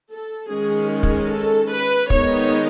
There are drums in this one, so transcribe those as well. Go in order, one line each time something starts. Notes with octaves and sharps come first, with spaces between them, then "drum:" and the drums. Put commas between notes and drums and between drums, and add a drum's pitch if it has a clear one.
A4
D#3 G#3 C#4 G#4
G#4
drum: kick
A4
B4
D#3 G#3 B3 D#4 C#5, drum: kick